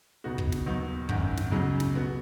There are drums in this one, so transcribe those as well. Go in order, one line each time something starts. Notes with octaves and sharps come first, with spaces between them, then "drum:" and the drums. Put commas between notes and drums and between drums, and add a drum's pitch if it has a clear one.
C#2 B2 B3 D#4 F#4
drum: kick
drum: snare
D#2 D#3 F#3 B3 D#4
G#1 F#2 D#3, drum: kick
drum: snare
C#2 C#3 F#3 C#4
drum: snare
B2 B3 F#4